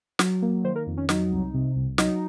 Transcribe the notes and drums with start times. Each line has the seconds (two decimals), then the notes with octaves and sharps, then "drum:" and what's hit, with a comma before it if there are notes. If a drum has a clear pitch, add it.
0.19 F#3, drum: snare
0.42 A#3
0.64 D#3 C5
0.75 A#4
0.87 F2
0.97 C#4
1.09 F#3 D#4, drum: snare
1.32 C2
1.54 C3
1.76 C2
1.98 F#3 D#4, drum: snare